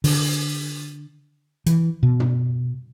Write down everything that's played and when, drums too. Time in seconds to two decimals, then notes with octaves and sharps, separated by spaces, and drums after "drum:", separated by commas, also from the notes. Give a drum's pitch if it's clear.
0.04 D3, drum: open hi-hat
1.66 E3, drum: hi-hat
2.03 B2
2.20 drum: tom